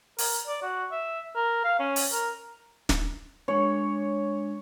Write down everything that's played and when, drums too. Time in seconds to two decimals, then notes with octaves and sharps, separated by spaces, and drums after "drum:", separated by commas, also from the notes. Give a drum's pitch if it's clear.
0.18 A#4, drum: open hi-hat
0.47 D5
0.62 F#4
0.91 E5
1.35 A#4
1.64 F5
1.79 C#4
1.96 drum: open hi-hat
2.12 A#4
2.89 drum: snare
3.48 G#3 D4 C#5